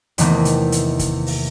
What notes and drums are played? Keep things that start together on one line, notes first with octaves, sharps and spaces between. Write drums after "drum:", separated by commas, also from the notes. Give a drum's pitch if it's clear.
E2 C3 D#3 E3 A3 A#3, drum: hi-hat
drum: hi-hat
drum: hi-hat
drum: kick, hi-hat
drum: open hi-hat